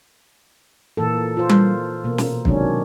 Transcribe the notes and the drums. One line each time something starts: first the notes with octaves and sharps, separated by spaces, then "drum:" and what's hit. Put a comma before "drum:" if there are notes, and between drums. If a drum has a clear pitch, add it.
A#2 E3 A#3 A4
F4 C5
drum: tom G3
B2 A#3
drum: snare
C3 D#3 F#3 G#3 C#4 D4, drum: kick